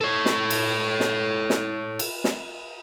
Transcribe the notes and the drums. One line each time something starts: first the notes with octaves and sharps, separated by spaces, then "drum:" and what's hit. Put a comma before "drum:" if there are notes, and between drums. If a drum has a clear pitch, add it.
A4 C#5
drum: snare
drum: cymbal
drum: snare
drum: snare
drum: cymbal
drum: snare